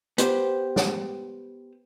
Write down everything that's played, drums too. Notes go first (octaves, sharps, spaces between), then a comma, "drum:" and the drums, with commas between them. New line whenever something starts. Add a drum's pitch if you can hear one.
B3 G4 C5, drum: hi-hat
drum: snare